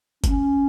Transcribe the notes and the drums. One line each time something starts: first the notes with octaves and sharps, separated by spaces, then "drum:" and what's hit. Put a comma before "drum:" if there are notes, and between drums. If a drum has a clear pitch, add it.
C#4, drum: kick G1, hi-hat